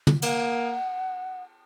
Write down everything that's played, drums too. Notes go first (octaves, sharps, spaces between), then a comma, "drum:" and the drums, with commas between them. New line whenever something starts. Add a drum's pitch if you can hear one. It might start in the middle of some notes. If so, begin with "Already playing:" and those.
drum: tom
A#3 F#5, drum: cymbal